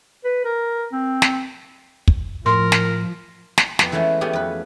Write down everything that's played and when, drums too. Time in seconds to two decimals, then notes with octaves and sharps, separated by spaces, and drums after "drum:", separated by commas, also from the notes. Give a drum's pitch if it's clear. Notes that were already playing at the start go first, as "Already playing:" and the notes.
0.24 B4
0.45 A#4
0.92 C4
1.22 drum: snare
2.08 drum: kick
2.46 A2 F3 A#4 C6
2.72 drum: snare
3.58 drum: snare
3.79 F2 B3, drum: snare
3.92 E3 G#3 A3 B3 C#4
4.21 A3 B3 C#4 G4 G#4
4.33 F2 B4